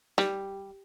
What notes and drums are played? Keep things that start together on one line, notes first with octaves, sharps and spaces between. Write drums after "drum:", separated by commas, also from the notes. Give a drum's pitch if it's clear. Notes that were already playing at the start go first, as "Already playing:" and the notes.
G3, drum: snare